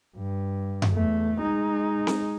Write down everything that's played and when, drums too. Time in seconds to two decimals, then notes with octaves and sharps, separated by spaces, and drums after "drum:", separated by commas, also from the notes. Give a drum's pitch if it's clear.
0.16 G2
0.82 drum: tom F#2
0.93 E2 A3
1.41 G#3 D#4
2.07 drum: snare C4